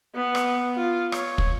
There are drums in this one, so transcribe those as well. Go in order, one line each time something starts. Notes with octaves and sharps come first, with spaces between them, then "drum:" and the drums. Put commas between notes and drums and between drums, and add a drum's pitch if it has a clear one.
B3
drum: rim click
F4
C#5, drum: rim click
drum: kick